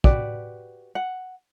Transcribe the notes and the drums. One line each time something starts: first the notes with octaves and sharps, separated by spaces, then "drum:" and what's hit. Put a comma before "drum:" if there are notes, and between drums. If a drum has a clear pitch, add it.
F#4 G4 B4 D5, drum: kick
F#5